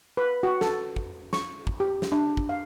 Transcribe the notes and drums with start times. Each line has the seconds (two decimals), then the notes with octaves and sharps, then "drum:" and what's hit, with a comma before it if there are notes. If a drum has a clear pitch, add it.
0.17 B4
0.43 F#4
0.61 A4, drum: snare
0.96 drum: kick
1.33 C#6, drum: snare
1.67 drum: kick
1.80 G4
2.02 drum: snare
2.12 D4
2.37 drum: kick
2.49 F5